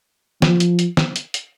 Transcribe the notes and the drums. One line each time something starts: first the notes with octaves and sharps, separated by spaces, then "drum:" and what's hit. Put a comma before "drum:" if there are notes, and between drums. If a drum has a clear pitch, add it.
F3, drum: snare
drum: hi-hat
drum: hi-hat
drum: snare
drum: hi-hat
drum: hi-hat